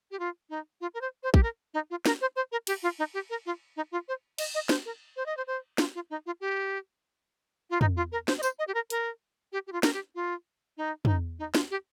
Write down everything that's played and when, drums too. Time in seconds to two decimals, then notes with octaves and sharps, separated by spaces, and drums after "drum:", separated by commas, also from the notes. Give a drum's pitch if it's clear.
0.11 G4
0.19 F4
0.50 D#4
0.81 F4
0.94 A#4
1.01 C5
1.23 C5
1.34 G4, drum: kick
1.43 A#4
1.74 D#4
1.90 F4
2.06 A#4, drum: snare
2.21 C5
2.36 C5
2.52 A#4
2.67 G4, drum: cymbal
2.83 F4
2.99 D#4
3.14 G4
3.30 A#4
3.46 F4
3.76 D#4
3.92 F4
4.08 C5
4.38 D#5, drum: cymbal
4.55 D#5
4.69 C5, drum: snare
4.85 A#4
5.16 C5
5.26 D#5
5.37 C5
5.47 C5
5.78 F4, drum: snare
5.95 F4
6.10 D#4
6.26 F4
6.41 G4
7.70 F4
7.81 D#4, drum: tom
7.96 F4
8.12 A#4
8.28 C5, drum: snare
8.38 D#5
8.43 C5, drum: tambourine
8.59 D#5
8.68 G4
8.74 A#4
8.90 A#4, drum: hi-hat
9.52 G4
9.67 G4
9.72 F4
9.83 A#4, drum: snare
9.93 G4
10.15 F4
10.77 D#4
11.05 D#4, drum: tom
11.39 D#4
11.55 F4, drum: snare
11.71 G4